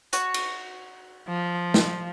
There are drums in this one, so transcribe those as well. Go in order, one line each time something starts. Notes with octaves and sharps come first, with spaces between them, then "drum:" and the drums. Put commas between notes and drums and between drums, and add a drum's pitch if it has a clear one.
F#4 C#5, drum: hi-hat
drum: cymbal
F3
drum: snare